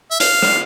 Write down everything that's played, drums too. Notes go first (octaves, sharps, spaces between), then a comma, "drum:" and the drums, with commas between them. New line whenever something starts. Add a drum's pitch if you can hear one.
E5
F5, drum: hi-hat
drum: rim click